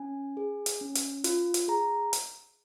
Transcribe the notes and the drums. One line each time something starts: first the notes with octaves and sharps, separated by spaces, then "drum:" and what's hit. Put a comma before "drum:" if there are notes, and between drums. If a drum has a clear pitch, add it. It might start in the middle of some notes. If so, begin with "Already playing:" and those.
Already playing: C#4 G#5
G#4
drum: hi-hat
C#4
drum: hi-hat
F4, drum: hi-hat
drum: hi-hat
G#4 A#5
drum: hi-hat